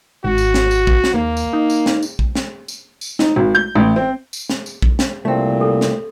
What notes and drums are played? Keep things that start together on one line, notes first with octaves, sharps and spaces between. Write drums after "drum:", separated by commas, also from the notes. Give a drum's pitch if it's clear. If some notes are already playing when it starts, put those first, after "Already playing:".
G#1 F#4
drum: tambourine
drum: snare
drum: tambourine
drum: kick A#1
drum: snare
D#2 A#3
drum: tambourine
D#4
drum: tambourine
drum: snare
drum: tambourine
drum: kick A#1
drum: snare
drum: tambourine
drum: tambourine
D#4, drum: snare
G#1
G6
A1
C4
drum: tambourine
drum: snare
drum: tambourine
drum: kick A#1
drum: snare
C2 A#2 A3 C4
A4
drum: snare